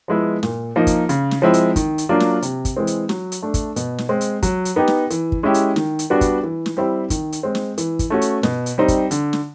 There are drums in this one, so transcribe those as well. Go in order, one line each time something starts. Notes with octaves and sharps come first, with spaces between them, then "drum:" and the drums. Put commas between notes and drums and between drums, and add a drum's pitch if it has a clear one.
F3 G#3 B3 E4
A#2, drum: snare
F3 A#3 D#4
drum: kick, hi-hat
C#3, drum: hi-hat
drum: snare
F3 G#3 C4 E4
drum: hi-hat
D#3, drum: kick, hi-hat
drum: hi-hat
F#3 A#3 D4 F4
drum: snare
C3, drum: hi-hat
drum: kick, hi-hat
E3 G#3 C4
drum: hi-hat
F#3, drum: snare
drum: hi-hat
A3 D4
drum: kick, hi-hat
B2, drum: hi-hat
drum: snare
G#3 C4
drum: hi-hat
F#3, drum: kick, hi-hat
drum: hi-hat
B3 D#4 G4
drum: snare
E3, drum: hi-hat
drum: kick
G#3 C#4 E4 G4
drum: hi-hat
D#3, drum: snare
drum: hi-hat
G3 B3 D4 F#4
drum: kick, hi-hat
E3
drum: snare
G3 C4 E4
D#3, drum: kick, hi-hat
drum: hi-hat
G#3 C4
drum: snare
E3, drum: hi-hat
drum: kick, hi-hat
A3 C#4 F#4
drum: hi-hat
B2, drum: snare
drum: hi-hat
G3 C4 D#4
drum: kick, hi-hat
D3, drum: hi-hat
drum: snare